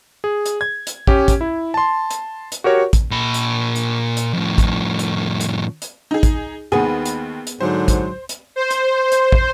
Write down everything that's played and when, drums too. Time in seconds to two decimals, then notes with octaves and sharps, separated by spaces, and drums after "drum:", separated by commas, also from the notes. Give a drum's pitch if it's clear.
0.24 G#4
0.46 drum: hi-hat
0.61 G#6
0.87 drum: hi-hat
1.07 C#4 G4, drum: kick
1.28 drum: kick, hi-hat
1.41 E4
1.74 A5 C6
2.11 drum: hi-hat
2.52 drum: hi-hat
2.64 F#4 G4 A#4 C#5 C#6
2.93 drum: kick, hi-hat
3.11 A#2 B5
3.34 drum: hi-hat
3.76 drum: hi-hat
4.17 drum: hi-hat
4.34 F2 A2
4.58 drum: kick, hi-hat
4.99 drum: hi-hat
5.41 drum: hi-hat
5.82 drum: hi-hat
6.11 D#4 G#4
6.23 drum: kick, hi-hat
6.72 D#2 D#3 B3 G#4
7.06 drum: hi-hat
7.47 drum: hi-hat
7.60 G#2 D3 F#3 C5
7.88 drum: kick, hi-hat
8.29 drum: hi-hat
8.56 C5
8.71 drum: hi-hat
9.12 drum: hi-hat
9.32 drum: kick